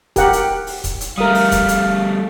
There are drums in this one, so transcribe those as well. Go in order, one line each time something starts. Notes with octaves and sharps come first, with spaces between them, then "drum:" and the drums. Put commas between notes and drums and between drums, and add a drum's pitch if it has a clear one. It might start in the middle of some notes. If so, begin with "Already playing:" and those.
G4 A#4 F#5, drum: kick D#1, hi-hat
drum: hi-hat
drum: open hi-hat
drum: kick D#1, hi-hat
drum: hi-hat
G3 A3 A#4 F5 D#6
drum: open hi-hat
drum: kick D#1, hi-hat
drum: hi-hat